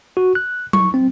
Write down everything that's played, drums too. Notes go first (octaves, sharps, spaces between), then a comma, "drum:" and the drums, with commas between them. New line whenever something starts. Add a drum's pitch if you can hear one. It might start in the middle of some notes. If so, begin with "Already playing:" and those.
F#4
F#6
C#6, drum: tom F#3
C4